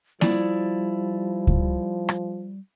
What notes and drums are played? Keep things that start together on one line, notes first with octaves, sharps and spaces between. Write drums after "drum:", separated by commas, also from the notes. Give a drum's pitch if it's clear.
F3 G3 E4 D5, drum: snare A#3
drum: kick C#2
drum: rim click